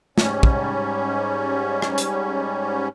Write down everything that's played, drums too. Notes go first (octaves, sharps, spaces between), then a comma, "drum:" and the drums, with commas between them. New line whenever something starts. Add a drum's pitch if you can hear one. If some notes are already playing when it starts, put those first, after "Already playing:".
G#2 G3 C#4, drum: snare
drum: kick
drum: rim click
drum: hi-hat